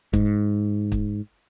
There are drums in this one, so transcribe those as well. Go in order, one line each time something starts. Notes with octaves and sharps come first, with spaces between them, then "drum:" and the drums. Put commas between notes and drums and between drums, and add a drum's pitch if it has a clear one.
G#2, drum: kick
drum: kick